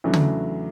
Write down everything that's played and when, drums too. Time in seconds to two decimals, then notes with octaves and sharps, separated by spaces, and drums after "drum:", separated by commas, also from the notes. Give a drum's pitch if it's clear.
0.04 E2 C#3 F#3 A3 D4
0.13 drum: tom